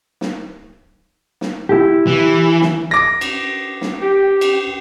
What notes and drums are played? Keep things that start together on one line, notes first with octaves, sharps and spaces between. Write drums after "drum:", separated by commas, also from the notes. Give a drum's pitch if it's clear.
drum: snare
drum: snare
E4 G4
E3
drum: snare
D6 A#6
drum: cymbal
drum: snare
G4
drum: cymbal